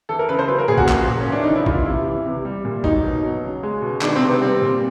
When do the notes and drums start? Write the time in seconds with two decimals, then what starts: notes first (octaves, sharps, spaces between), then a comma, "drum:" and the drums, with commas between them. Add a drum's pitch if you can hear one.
0.09 E3 A4
0.19 A#4
0.29 C#3 B4
0.39 C5
0.48 F#3 B4
0.58 A#4
0.68 A#2 G#4
0.78 F#4, drum: kick A1
0.89 F3, drum: clap
1.07 A#2
1.21 C#4
1.27 E3
1.32 D4
1.43 C#3 D#4
1.55 E4
1.66 E3 F4, drum: kick A1
1.86 C3 E4
2.05 E3
2.26 C3
2.45 G3
2.65 A#2
2.84 F#3 D#4, drum: kick A1
3.04 B2
3.23 F#3
3.43 C#3
3.63 G#3
3.82 B2
4.01 D#3 D4, drum: clap
4.15 C4
4.22 C3
4.28 B3
4.41 G3 C4
4.61 A#2